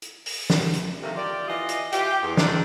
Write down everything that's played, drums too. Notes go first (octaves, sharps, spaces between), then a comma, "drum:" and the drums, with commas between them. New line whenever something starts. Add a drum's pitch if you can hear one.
drum: hi-hat
drum: open hi-hat
drum: snare
drum: hi-hat
C3 D#3 A3 A#3
F4 G4 D5
E3 F4 D#5
drum: hi-hat
E3 F4 G4, drum: hi-hat
E2
D#3 G#3 C4 D4, drum: snare